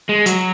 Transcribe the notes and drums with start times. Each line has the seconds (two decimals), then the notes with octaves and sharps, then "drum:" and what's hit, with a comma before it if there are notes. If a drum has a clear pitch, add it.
0.09 G#3
0.26 F#3, drum: hi-hat